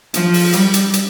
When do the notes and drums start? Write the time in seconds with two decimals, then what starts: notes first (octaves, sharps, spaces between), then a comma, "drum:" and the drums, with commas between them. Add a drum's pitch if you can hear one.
0.14 F3, drum: hi-hat
0.34 drum: open hi-hat
0.53 G3, drum: hi-hat
0.74 drum: hi-hat
0.94 drum: hi-hat